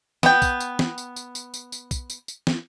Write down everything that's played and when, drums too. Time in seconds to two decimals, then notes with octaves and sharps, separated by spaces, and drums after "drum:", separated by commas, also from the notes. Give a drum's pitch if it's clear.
0.23 B3 G5, drum: snare
0.42 drum: kick, tambourine
0.60 drum: tambourine
0.79 drum: snare
0.98 drum: tambourine
1.16 drum: tambourine
1.35 drum: tambourine
1.54 drum: tambourine
1.72 drum: tambourine
1.91 drum: kick, tambourine
2.10 drum: tambourine
2.28 drum: tambourine
2.47 drum: snare